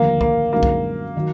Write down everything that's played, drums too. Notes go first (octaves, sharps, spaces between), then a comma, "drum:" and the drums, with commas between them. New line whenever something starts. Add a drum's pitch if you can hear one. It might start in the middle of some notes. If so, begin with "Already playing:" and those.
Already playing: F1 D#2 D3 F3 A#3
A#3, drum: kick C2
F#2 D3 G#3 A#3 D#4 F#4
drum: kick C2
D#3 F#3